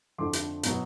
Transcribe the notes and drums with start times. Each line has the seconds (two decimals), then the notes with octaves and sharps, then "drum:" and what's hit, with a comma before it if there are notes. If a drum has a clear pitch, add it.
0.18 F2 D3 F3 A3 C6 D6
0.33 drum: hi-hat
0.63 B2 F#3 B3, drum: hi-hat